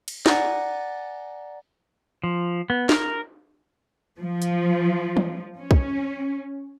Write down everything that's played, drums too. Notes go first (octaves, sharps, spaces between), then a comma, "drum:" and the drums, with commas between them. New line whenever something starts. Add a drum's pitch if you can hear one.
drum: cymbal
D5 F#5 G#5 A#5 A6 A#6, drum: snare
F3
B3
A#4, drum: snare
F3
drum: hi-hat
drum: tom
C#4
drum: kick